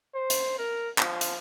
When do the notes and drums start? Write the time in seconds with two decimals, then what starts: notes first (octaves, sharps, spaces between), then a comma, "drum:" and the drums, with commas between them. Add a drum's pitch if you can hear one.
0.15 C5
0.30 drum: hi-hat
0.58 A#4
0.98 F3, drum: clap
1.21 drum: hi-hat